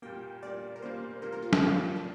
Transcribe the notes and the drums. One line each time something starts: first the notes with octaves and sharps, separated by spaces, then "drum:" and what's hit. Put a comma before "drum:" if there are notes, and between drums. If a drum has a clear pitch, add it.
A#2 G3 A#3 G5
A#2 G3 A#3 D5
A#4
A#2 G3 A#3 C5
A#2 G3 A#3 A#4
A#4
F4
A#4, drum: snare
F3 A#3 F4 G4
D4